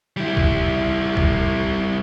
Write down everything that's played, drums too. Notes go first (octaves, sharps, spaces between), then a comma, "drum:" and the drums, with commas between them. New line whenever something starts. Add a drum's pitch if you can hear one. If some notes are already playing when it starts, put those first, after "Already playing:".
G3 E4
drum: kick
drum: kick